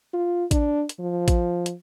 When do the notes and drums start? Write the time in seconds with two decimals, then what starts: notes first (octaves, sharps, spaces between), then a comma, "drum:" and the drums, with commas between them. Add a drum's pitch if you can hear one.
0.14 F4
0.51 D4, drum: kick A1, hi-hat
0.89 drum: hi-hat
1.00 F3
1.28 drum: kick A1, hi-hat
1.66 drum: hi-hat